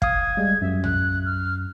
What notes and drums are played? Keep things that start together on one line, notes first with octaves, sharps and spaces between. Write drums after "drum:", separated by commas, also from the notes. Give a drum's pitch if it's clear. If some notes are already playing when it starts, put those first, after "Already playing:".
F5 D#6 G#6, drum: kick
G3 G#3
F#2 E5
F#6, drum: tom
F6